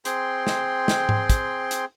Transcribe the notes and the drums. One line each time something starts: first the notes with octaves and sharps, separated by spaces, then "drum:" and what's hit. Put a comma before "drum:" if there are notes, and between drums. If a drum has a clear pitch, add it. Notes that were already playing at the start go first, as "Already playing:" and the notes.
C4 G#4 G5 C6, drum: hi-hat
drum: snare
drum: snare
drum: tom G#2
drum: kick, hi-hat
drum: hi-hat